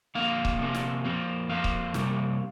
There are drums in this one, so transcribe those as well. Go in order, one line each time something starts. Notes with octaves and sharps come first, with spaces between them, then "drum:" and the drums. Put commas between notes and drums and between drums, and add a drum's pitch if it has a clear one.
F2 D3 A#3 F5
drum: kick C#1
C3 F3 A#3
drum: snare
F2 F3 A#3
F2 F3 A#3 F5
drum: kick C#1
C3 G3 A#3, drum: snare